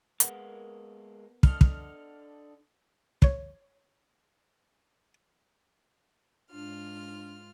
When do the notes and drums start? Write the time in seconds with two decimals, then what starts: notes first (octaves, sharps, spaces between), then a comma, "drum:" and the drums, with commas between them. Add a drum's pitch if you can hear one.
0.20 G#3 A#3 B3 A#4, drum: hi-hat
1.43 D4 A4 D#5 F6, drum: kick
1.61 drum: kick
3.22 C5 C#5, drum: kick
6.51 G#2 D4 F4 F6